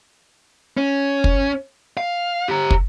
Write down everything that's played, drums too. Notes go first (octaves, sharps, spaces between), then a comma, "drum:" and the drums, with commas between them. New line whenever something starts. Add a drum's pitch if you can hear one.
C#4
drum: kick
F5
G4 A#5
drum: kick